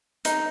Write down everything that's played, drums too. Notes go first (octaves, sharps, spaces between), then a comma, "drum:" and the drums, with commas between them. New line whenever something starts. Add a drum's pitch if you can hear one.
D#4, drum: hi-hat